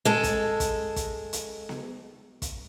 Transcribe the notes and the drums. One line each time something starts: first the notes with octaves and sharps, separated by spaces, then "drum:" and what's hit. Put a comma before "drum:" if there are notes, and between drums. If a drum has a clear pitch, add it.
G#3 A4
drum: kick, hi-hat
drum: kick, hi-hat
drum: kick, hi-hat
drum: hi-hat
drum: snare B3
drum: kick, hi-hat